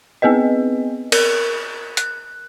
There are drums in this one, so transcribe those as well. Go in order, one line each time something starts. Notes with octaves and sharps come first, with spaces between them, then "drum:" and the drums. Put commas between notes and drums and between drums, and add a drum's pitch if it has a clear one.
B3 C4 G#4 B4 D#5
A#4, drum: cymbal
F#6, drum: hi-hat